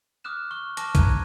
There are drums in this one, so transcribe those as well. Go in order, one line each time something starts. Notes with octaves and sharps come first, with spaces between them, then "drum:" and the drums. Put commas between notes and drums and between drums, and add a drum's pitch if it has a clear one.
D6 D#6 F6 F#6 E7
C#6 F6 G7
A5 C#6 D6 F6 A#6, drum: hi-hat
A#5 F#6 G#6 D#7, drum: kick, hi-hat